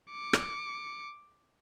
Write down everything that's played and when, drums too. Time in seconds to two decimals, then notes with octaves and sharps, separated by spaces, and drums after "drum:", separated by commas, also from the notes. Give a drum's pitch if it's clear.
0.11 D6 C#7
0.33 drum: rim click